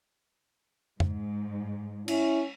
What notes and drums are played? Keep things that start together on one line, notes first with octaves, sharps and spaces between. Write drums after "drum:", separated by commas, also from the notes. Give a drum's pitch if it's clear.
G#2, drum: tom F2
C#4 E4, drum: cymbal